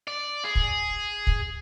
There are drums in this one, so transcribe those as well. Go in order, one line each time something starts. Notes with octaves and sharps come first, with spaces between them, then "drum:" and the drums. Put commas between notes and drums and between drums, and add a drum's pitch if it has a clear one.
D5
G#4
drum: kick
drum: kick